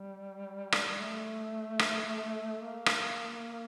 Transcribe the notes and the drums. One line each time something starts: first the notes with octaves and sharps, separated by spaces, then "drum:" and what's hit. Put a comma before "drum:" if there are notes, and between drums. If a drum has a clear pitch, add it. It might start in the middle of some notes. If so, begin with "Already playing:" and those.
Already playing: G3
drum: rim click
A3
drum: rim click
A#3
drum: rim click